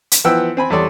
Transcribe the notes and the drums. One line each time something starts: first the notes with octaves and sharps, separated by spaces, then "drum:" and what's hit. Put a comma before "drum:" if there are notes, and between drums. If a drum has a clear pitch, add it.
drum: hi-hat
E3 F3 B3 F#5 G5 E6
C4 G#5 B5
E2 G3 A4 C#5 D5 C6